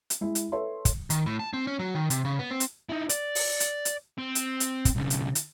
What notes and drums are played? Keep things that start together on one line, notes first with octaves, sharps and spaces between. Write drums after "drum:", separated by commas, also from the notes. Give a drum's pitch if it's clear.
drum: hi-hat
G#3 E4
drum: hi-hat
A4 B4 C#5 E5 C6
drum: kick, hi-hat
D#3, drum: hi-hat
A2
A5
C4
C#4
F#3
D#3
C3, drum: hi-hat
C#3
B3
C4
drum: hi-hat
D#4 E4
D5, drum: hi-hat
drum: open hi-hat
drum: hi-hat
drum: hi-hat
C4
drum: hi-hat
drum: hi-hat
drum: kick, hi-hat
B1 C#3
drum: hi-hat
drum: hi-hat